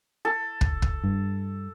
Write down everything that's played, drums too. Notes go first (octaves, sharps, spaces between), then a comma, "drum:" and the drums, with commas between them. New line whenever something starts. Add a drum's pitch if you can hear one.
A4
drum: kick
drum: kick
G2